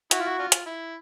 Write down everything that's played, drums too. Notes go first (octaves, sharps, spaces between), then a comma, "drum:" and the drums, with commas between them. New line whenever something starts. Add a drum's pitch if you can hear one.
E4 F#4, drum: hi-hat
F4
F#4
D4 F4
drum: hi-hat
E4